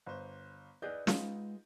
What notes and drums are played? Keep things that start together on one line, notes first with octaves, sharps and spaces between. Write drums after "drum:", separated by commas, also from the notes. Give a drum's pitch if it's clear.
G1 C5
G#4 B4 D5 D#5 G6
G#3 B3 D#4 F4 F5, drum: snare